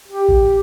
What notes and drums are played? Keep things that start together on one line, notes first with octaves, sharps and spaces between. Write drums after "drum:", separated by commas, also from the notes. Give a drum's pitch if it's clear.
G4
drum: kick A1